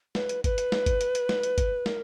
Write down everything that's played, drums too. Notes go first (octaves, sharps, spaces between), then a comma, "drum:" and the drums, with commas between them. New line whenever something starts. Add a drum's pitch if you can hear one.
B4, drum: snare
drum: hi-hat
B4, drum: kick, hi-hat
drum: hi-hat
drum: snare
drum: kick, hi-hat
drum: hi-hat
drum: hi-hat
drum: snare
drum: hi-hat
drum: kick, hi-hat
A#4, drum: snare